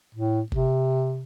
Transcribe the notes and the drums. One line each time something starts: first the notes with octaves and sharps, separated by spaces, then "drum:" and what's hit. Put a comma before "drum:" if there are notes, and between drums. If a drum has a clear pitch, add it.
A2
C3, drum: kick F#1